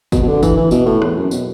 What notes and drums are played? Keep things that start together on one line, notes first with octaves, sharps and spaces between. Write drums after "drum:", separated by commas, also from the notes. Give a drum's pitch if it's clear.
B2, drum: kick, tambourine
B2
D3
E3, drum: kick, tambourine
E3
B2, drum: tambourine
A2
E2, drum: rim click
F#2
B2, drum: tambourine